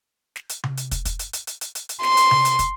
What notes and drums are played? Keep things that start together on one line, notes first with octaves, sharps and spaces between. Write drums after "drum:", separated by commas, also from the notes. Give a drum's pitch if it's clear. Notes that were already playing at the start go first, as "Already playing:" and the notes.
drum: snare
drum: hi-hat
drum: tom C3
drum: hi-hat
drum: kick, hi-hat
drum: kick, hi-hat
drum: hi-hat
drum: hi-hat
drum: hi-hat
drum: hi-hat
drum: hi-hat
drum: hi-hat
C6, drum: snare
drum: hi-hat
drum: tom C3
drum: hi-hat
drum: kick, hi-hat